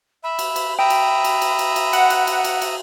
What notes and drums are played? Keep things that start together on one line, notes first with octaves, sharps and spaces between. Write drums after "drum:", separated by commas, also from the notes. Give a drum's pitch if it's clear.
E5 B5
drum: cymbal
drum: cymbal
E5 G5 A#5 B5 D#6
drum: cymbal
drum: cymbal
drum: cymbal
drum: cymbal
drum: cymbal
F#5, drum: cymbal
drum: cymbal
drum: cymbal
drum: cymbal
drum: cymbal